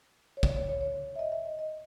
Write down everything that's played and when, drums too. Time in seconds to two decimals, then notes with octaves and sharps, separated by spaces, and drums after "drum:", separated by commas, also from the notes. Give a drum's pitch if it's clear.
0.37 C#5
0.43 D5, drum: kick
0.56 C#5
0.69 C#5
0.81 C#5
1.16 E5
1.19 D#5
1.32 E5
1.46 D#5
1.59 D#5